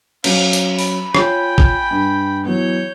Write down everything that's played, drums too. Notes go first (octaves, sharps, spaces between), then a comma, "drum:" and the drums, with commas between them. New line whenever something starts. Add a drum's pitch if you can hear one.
F#3 C#4 F5, drum: cymbal
drum: hi-hat
B5, drum: open hi-hat
F4 C#5 G5 G#5 B5, drum: rim click
drum: kick
G2
E3 F#3 B3 C#5 G6